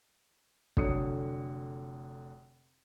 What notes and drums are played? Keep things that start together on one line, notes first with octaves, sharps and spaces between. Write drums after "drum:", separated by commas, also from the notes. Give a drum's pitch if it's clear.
F1 D3 F#3 D#6 C#7, drum: kick